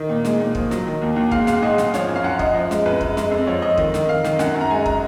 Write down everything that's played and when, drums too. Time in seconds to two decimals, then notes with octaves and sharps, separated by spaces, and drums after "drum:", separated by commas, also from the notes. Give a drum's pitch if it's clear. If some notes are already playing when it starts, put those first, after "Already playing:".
Already playing: D#3
0.09 A#2
0.25 G#3, drum: snare
0.40 A#2
0.55 F3, drum: kick
0.71 F#3, drum: snare
0.87 D#3
1.02 D#2
1.16 D#2
1.31 G#2 F5, drum: kick
1.47 G#2 F5, drum: snare
1.62 G#2 D#5
1.78 G#2, drum: snare
1.94 F3 C#5, drum: snare
2.09 F#2
2.15 F5
2.24 F#2 F#5
2.39 F#2 D#5, drum: kick
2.54 F3
2.71 G#3, drum: snare
2.86 F#2 B4
3.01 G#3, drum: kick
3.17 G#3, drum: snare
3.31 F2
3.47 F3 C#5
3.62 F3 D#5
3.78 D#3, drum: kick
3.94 D#3, drum: snare
4.09 D#3 F5
4.24 D#3, drum: snare
4.39 F#2 F#5, drum: snare
4.54 F#2
4.61 A#5
4.70 G#3 G#5
4.86 A#5, drum: kick